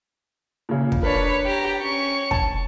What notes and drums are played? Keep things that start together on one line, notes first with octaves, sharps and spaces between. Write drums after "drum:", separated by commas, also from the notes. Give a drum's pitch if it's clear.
A#2 C#3
drum: kick
D4 A#4 B4 C#5
G4 A#5
C#4 C#6
A5, drum: kick